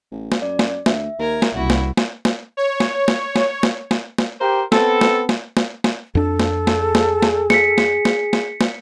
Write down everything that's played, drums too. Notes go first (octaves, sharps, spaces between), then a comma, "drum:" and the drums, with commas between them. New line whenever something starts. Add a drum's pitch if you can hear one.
A1
drum: snare
F#2 D5
drum: snare
D2 E5, drum: snare
D#2 A#4 G#6
drum: snare
D#1 C2 E4 F#4
drum: snare
drum: snare
drum: snare
C#5
drum: snare
drum: snare
drum: snare
drum: snare
drum: snare
drum: snare
G4 A#4 C5
B3 C4 A4, drum: snare
drum: snare
drum: snare
drum: snare
drum: snare
F2 D4 A4
drum: snare
drum: snare
G#4
drum: snare
drum: snare
B6 C#7, drum: snare
drum: snare
drum: snare
drum: snare
drum: snare